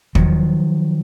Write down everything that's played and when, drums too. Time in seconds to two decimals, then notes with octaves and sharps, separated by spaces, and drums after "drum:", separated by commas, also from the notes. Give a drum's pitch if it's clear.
0.15 D#3 F3 F#3, drum: kick